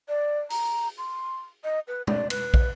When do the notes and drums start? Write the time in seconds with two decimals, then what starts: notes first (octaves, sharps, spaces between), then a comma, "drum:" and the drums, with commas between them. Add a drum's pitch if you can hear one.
0.09 D5
0.50 A#5, drum: open hi-hat
0.98 C6
1.64 D#5
1.88 B4
2.07 D5, drum: tom
2.30 B4, drum: cymbal
2.54 drum: kick